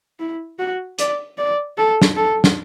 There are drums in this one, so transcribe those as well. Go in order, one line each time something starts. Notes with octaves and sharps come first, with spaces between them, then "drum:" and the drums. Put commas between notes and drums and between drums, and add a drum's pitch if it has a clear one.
E4
F#4
D5, drum: hi-hat
D5
A4
drum: snare
A4
drum: snare